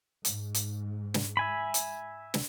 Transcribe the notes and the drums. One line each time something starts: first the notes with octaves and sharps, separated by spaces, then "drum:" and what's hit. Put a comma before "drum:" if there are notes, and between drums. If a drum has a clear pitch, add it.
G#2, drum: hi-hat
drum: hi-hat
drum: snare
E5 G#5 B5
drum: hi-hat
drum: snare